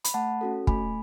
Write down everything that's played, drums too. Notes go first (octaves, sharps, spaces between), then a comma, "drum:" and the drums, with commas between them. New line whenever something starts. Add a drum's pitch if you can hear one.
B5, drum: hi-hat
A3 F#5 A5
C#4 F#4 A4
A3 G#5 B5, drum: kick